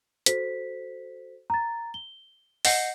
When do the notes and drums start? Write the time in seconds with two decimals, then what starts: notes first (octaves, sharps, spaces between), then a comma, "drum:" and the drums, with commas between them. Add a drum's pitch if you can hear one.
0.26 F#4 A4 C5 B6, drum: hi-hat
1.50 A#5 A6
1.94 G7
2.65 D#5 F#5 G6 A#6 C7 C#7, drum: open hi-hat